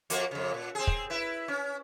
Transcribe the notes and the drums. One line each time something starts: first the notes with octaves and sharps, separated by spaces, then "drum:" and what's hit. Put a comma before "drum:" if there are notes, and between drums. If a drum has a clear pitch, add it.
F2 A#3 F#4, drum: hi-hat
F2 C#3
A#2
C4 G#4
drum: kick
E4 B4
C#4